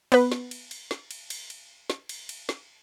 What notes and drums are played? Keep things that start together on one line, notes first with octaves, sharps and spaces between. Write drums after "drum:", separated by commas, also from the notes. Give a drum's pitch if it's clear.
B3 B4, drum: cymbal
drum: snare
drum: cymbal
drum: cymbal
drum: snare
drum: cymbal
drum: cymbal
drum: cymbal
drum: snare
drum: cymbal
drum: cymbal
drum: snare